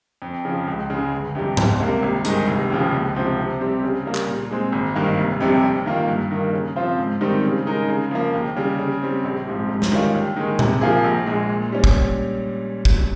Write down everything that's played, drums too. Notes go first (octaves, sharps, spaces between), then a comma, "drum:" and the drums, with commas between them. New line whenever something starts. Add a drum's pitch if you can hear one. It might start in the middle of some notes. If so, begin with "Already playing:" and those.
F2
C#3 F3
C#2
C#3 G#3
G1
F2 C3 G3
C#2, drum: tom
C3 G3 A#3
G#1
G2 D#3 G#3 D#4, drum: hi-hat
F1
D#2 C#3 F3
C#2
C3 F3 C4
C3
G3 C4 G4
C#3
G3 A#3
drum: clap
A#2
G#3 C4
G#1
G2 D#3 A#3
F1
F2 C3 G3
D#2
D#3 A#3 F4
G2
D#3 A#3
C#3
F3 C4 F4 C5
G#2
D#3 G3 C4 D#4
C#3
G#3 D#4 A#4
C#3
F3 A#3
D#2
C#3 G3
C#3
G3 C4
A#1
G#2 F3 C4 G4
G#2
drum: snare
D#3 G3 C#4 F4
D#2
D#3 G#3
C3, drum: tom A#2
F3 A#3 F4 G#4
A#1
A#2 G#3
A#2
G3 C#4
drum: kick
drum: kick